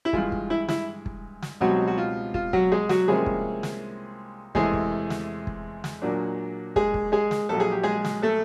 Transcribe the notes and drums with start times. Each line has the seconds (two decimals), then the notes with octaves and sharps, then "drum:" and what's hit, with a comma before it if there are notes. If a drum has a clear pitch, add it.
0.05 E4
0.13 G2 E3 G#3 F4, drum: kick
0.32 drum: kick
0.50 E4
0.68 E4, drum: snare
1.06 drum: kick
1.42 drum: snare
1.60 C#2 B2 F#3 G3 C4 D#4 F#4
1.88 F#4
1.98 F4
2.34 F4, drum: kick
2.53 F#3 F#4, drum: kick
2.72 G#3 G#4
2.89 F#3 F#4, drum: snare
3.08 C2 C3 F3 G#3 A#3 C#4 G#4
3.26 drum: kick
3.63 drum: snare
4.55 E2 C3 E3 G#3 A3 G#4, drum: kick
4.73 drum: kick
5.10 drum: snare
5.47 drum: kick
5.84 drum: snare
6.02 A#2 F#3 A#3 D4
6.76 G#3 G#4, drum: kick
6.94 drum: kick
7.12 G#3 G#4
7.31 drum: snare
7.49 A#1 A#2 F#3 A4
7.60 G#4
7.71 G4
7.83 G#3 G#4
8.05 drum: snare
8.22 A3 A4